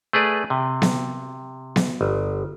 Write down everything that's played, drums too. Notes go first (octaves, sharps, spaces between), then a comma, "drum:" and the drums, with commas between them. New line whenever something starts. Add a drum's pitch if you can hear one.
A3 G#4 B4 D5
C3
drum: snare B3
drum: snare B3
G1